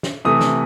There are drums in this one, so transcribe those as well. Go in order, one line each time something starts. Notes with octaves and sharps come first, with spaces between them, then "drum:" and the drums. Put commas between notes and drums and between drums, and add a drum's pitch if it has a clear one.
drum: snare
C3 E3 A3 D#6
drum: snare